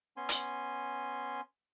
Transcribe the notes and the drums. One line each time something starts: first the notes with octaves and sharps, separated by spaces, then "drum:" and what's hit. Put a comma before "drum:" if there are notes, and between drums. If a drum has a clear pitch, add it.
B3 C#4 G#5 C6
drum: hi-hat